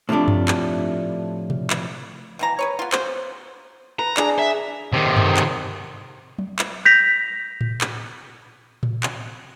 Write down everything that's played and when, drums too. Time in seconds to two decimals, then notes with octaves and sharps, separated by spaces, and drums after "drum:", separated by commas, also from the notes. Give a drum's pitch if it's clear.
0.09 A2 C3 F3 A3 D4
0.28 drum: tom F#2
0.48 drum: clap
1.50 drum: tom B2
1.70 drum: clap
2.39 B2 E3 A#5
2.59 G#4 B4 C#5
2.79 B3 F4
2.92 C5, drum: clap
3.99 B4 A#5
4.17 D4 G#4, drum: clap
4.39 E5
4.93 C3 D#3
5.16 drum: tom F#2
5.37 drum: clap
6.39 drum: tom
6.59 drum: clap
6.85 G6 A#6 B6 F7
7.61 drum: tom A2
7.81 drum: clap
8.83 drum: tom A2
9.03 drum: clap